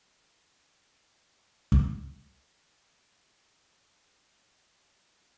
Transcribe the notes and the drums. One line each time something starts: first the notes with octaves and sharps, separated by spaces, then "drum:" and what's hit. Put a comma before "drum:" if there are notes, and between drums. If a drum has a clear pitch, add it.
D#4
A#4
E6
drum: kick
F#4 G#4 B4 D#5